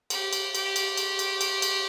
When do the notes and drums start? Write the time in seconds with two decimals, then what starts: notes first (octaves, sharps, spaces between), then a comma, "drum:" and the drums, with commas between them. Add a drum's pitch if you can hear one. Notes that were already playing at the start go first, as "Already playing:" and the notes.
0.10 G4, drum: cymbal
0.33 drum: cymbal
0.55 G4, drum: cymbal
0.76 drum: cymbal
0.97 drum: cymbal
1.19 drum: cymbal
1.41 drum: cymbal
1.62 drum: cymbal